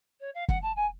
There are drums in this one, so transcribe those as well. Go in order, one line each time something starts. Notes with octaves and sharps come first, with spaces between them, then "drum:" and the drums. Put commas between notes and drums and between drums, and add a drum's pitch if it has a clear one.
C#5
F5
F#5, drum: kick
A5
G#5